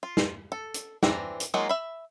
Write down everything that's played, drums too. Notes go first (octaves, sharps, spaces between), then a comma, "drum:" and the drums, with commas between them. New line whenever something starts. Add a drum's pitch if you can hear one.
F4
drum: snare
A4
drum: hi-hat
E3 C4 D4 A#5, drum: snare
drum: hi-hat
F#3 G#3 A#3 D#4 F4
E5 B5